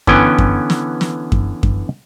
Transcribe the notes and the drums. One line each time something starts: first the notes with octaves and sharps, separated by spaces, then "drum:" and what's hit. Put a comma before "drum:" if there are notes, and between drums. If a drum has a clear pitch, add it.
D3 E3 B3 C#4 G5 G#5, drum: kick F#2
drum: kick F#2
drum: snare
drum: snare
drum: kick F#2
drum: kick F#2